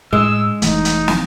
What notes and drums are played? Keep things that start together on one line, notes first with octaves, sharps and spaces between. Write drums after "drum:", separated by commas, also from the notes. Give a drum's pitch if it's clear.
A2 G#3 D4 E6
F1 E3 A3 D#4, drum: hi-hat
drum: hi-hat
drum: snare